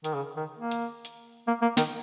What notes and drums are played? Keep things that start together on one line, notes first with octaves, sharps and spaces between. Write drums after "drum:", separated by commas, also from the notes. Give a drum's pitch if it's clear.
D#3, drum: hi-hat
C#3
D#3
A#3
drum: hi-hat
drum: hi-hat
A#3
A#3
D#3, drum: snare